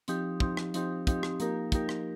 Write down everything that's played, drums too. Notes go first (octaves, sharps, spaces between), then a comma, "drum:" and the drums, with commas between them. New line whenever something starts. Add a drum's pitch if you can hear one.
F3 C4 D#4 G4, drum: hi-hat
F3 C4 D#4 G4, drum: kick
drum: rim click
F3 C4 D#4 G4, drum: hi-hat
F3 C4 D#4 G4, drum: kick, hi-hat
drum: rim click
F3 A#3 D#4 G4 A#4, drum: hi-hat
F3 A#3 D#4 G4 A#4, drum: kick, hi-hat
drum: rim click